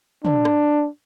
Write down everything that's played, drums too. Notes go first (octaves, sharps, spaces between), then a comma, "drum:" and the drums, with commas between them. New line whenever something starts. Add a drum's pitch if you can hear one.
D4, drum: tom
drum: rim click